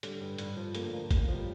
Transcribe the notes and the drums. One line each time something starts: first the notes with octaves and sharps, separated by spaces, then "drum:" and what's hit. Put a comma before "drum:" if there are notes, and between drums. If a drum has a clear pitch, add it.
D3 G3, drum: hi-hat
G2
G2, drum: hi-hat
F3
D3 A#3, drum: hi-hat
D2 A#3
D2 G3, drum: kick G1, hi-hat
A#3
F3
G3